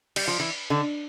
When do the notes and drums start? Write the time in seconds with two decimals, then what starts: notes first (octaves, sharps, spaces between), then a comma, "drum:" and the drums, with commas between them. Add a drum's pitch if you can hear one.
0.16 G3, drum: cymbal
0.28 F3
0.40 E3
0.70 D3